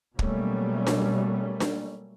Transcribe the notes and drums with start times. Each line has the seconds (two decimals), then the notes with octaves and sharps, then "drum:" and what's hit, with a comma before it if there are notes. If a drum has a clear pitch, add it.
0.19 B2 F#3 G3 A3 A#3 C#4, drum: kick
0.87 drum: snare D4
1.60 drum: snare D4